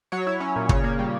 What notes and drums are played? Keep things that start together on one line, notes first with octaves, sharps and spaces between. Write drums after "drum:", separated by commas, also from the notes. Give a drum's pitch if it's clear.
F#3 C#5
E4
C#4
A#2
C#3 C#5, drum: kick
A#3
G3